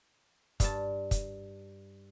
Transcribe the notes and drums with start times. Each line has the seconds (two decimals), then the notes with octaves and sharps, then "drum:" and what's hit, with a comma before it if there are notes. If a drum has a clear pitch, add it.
0.60 G2 A5, drum: kick, hi-hat
1.11 drum: kick, hi-hat